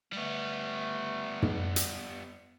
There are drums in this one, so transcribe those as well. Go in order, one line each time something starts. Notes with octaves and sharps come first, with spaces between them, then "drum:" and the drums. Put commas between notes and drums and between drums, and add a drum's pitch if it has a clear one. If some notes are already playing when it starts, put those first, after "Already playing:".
G3 A3 B3
drum: tom
drum: hi-hat